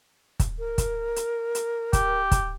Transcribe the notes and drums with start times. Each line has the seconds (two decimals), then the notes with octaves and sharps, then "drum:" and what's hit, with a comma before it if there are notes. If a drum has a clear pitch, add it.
0.40 drum: kick, hi-hat
0.59 A#4
0.78 drum: kick, hi-hat
1.16 drum: hi-hat
1.55 drum: hi-hat
1.93 G4, drum: kick, hi-hat
2.32 drum: kick, hi-hat